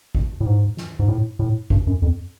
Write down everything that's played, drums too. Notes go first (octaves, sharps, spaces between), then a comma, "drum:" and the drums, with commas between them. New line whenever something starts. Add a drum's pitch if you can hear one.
drum: kick G#1
A2
G#2
drum: snare
G#2
A2
A2
G2, drum: kick G#1
F#2
F2